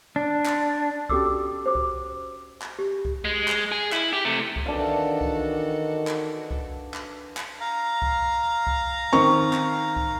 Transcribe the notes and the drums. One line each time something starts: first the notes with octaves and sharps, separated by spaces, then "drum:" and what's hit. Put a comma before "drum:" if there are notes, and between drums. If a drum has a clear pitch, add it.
D4
drum: clap
C#4 F#4 G4 A4 D6 E6, drum: kick C2
C5 D6
drum: kick C2
drum: clap
G4
drum: kick C2
G#3
drum: clap
G#4
E4, drum: clap
G4
C3 A3
drum: kick C2
D#3 E3 D4 F#4 A4 F5
drum: kick C2
drum: clap
drum: kick C2
drum: clap
drum: clap
F5 A#5
drum: kick C2
drum: kick C2
D#3 C4 C#6
drum: clap
drum: kick C2